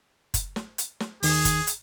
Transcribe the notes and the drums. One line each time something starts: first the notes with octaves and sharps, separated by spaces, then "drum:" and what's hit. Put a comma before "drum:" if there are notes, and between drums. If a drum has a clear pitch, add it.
drum: kick, hi-hat
drum: snare
drum: hi-hat
drum: snare
D#2 D#3 G#4, drum: open hi-hat
drum: kick, hi-hat
drum: hi-hat